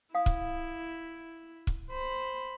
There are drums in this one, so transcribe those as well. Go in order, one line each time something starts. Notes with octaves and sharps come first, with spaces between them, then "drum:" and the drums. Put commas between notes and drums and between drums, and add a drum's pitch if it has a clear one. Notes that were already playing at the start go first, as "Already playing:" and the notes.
E4 F5 D#6
drum: kick
drum: kick
C5 B5